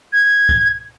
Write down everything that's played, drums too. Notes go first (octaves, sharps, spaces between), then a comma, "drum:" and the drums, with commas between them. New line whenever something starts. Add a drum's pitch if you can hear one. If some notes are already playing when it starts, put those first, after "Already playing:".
G#6
drum: kick C#2